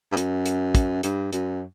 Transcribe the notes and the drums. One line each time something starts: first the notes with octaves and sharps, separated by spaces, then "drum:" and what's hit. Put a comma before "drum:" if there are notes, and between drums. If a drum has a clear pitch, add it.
G2
F#2, drum: hi-hat
drum: hi-hat
drum: kick, hi-hat
G2, drum: hi-hat
F#2, drum: hi-hat